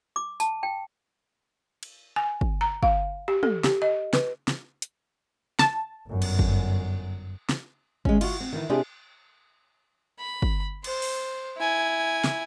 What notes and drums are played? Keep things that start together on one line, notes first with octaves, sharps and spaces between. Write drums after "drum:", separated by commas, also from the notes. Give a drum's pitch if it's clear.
D6
A5, drum: tambourine
G5
drum: cymbal
G#5
drum: kick
A#5
F5, drum: kick
G4
A4, drum: tom
G4, drum: snare
D#5
B4, drum: snare
drum: snare
drum: hi-hat
A5, drum: snare
G1 F#2
drum: cymbal
drum: kick
drum: snare
G#3 C#4, drum: kick
F4 F#4, drum: cymbal
C4
D#3 E3
C3 D4 F4 G4 G#4
B5
drum: kick
C5, drum: cymbal
drum: open hi-hat
E4 G#5
drum: snare